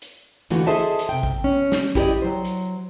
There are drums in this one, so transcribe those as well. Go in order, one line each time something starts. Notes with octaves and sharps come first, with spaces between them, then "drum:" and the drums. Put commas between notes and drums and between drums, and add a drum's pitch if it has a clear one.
drum: hi-hat
D3 E3 A3 F4 F#4, drum: hi-hat
G#4 A4 C5 D#5 E5 A5
drum: hi-hat
C3 G5
drum: kick
C#4
drum: snare
E4 G4 A4 D5 D#5, drum: kick, hi-hat
F#3 C5
drum: hi-hat